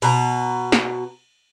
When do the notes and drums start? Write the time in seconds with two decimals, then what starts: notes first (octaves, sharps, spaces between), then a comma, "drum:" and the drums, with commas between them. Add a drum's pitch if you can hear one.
0.02 B2 A#5, drum: cymbal
0.72 drum: snare